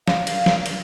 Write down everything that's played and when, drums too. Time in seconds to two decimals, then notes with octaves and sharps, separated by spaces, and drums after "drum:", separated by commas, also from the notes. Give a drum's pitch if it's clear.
0.08 F5, drum: snare
0.27 drum: cymbal
0.46 drum: snare
0.66 drum: cymbal